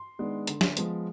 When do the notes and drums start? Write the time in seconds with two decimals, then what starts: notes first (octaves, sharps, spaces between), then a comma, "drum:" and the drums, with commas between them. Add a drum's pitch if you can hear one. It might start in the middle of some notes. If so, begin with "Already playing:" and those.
Already playing: C6
0.19 D#3 G#3 B3 D4
0.47 D3, drum: hi-hat
0.61 drum: snare
0.77 F3 G#3 B3, drum: hi-hat